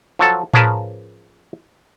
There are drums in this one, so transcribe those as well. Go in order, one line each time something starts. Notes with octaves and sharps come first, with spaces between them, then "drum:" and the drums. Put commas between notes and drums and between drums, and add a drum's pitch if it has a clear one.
F3 F#3 A4 A5
F3 C#4 G#4 A#4 B4 A5, drum: tom A2